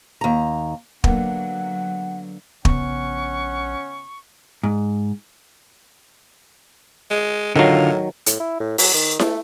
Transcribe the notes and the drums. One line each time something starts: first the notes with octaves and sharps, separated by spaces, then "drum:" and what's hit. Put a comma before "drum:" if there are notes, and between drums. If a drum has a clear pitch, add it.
D#2 A#5
D3 F#3 A#3 B3 F#5, drum: kick
A#1 C#3 B3 C#4 F#5 C#6, drum: kick
G#2
G#3
A2 D3 D#3 F#3 F4
A2, drum: hi-hat
E4
A2
F#3, drum: open hi-hat
D#3
A3, drum: snare E4